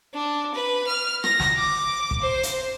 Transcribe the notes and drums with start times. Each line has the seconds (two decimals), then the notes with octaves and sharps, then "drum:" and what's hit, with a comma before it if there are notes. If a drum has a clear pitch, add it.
0.14 D4
0.54 B4
0.87 F6
1.24 A#6, drum: rim click
1.40 drum: snare
1.57 D6
2.11 drum: kick
2.21 C5
2.43 drum: hi-hat